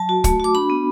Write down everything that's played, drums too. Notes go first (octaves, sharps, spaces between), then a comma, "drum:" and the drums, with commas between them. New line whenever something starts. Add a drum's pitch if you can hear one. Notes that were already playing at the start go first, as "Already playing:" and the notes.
Already playing: F#3 A5
F#4
A3, drum: kick, hi-hat
F#4 D6
D4 B5
B3